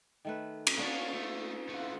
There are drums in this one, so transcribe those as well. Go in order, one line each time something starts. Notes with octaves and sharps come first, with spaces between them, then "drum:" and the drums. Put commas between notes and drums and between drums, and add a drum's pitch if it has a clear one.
D#3 A3 B4
drum: cymbal
A#3 B3 C#4 D4 F5 C#6 A6
A3
E3 A3 F4 F#5